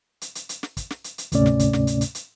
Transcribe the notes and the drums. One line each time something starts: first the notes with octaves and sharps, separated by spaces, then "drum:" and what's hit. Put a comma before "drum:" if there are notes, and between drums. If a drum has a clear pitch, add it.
drum: hi-hat
drum: hi-hat
drum: hi-hat
drum: snare
drum: kick, hi-hat
drum: snare
drum: hi-hat
drum: hi-hat
D2 G#2 C3 A3 C#4 D5, drum: hi-hat
drum: snare
drum: kick, hi-hat
drum: snare
drum: hi-hat
drum: hi-hat
drum: hi-hat